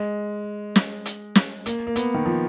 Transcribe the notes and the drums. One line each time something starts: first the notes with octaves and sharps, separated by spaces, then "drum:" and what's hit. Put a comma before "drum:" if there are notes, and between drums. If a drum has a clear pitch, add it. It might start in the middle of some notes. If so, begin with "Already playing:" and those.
Already playing: G#3
drum: snare
drum: hi-hat
drum: snare
A#3, drum: hi-hat
A#3
B3, drum: hi-hat
D#3
F3